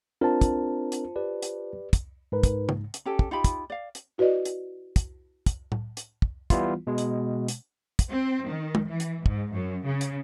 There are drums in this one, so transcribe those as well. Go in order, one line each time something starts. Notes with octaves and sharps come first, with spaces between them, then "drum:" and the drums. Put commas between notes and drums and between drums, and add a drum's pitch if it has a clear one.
C4 D4 F4 A#4 C5 A5
drum: kick, hi-hat
drum: hi-hat
G4 B4 D5
drum: hi-hat
drum: kick, hi-hat
G#2 D#4 A#4 B4
drum: kick, hi-hat
drum: tom
drum: hi-hat
C#4 G4 A4
drum: kick
D#4 F4 G4 B5
drum: kick, hi-hat
D5 F5
drum: hi-hat
E4 F#4 B4 D5 D#5
drum: hi-hat
drum: kick, hi-hat
drum: kick, hi-hat
drum: tom A2
drum: hi-hat
drum: kick
E3 G3 B3 E4 F4, drum: kick, hi-hat
B2 G#3
drum: hi-hat
drum: hi-hat
drum: kick, hi-hat
C4
D#3
drum: tom
E3
drum: hi-hat
G#2, drum: kick
F#2
C#3
drum: hi-hat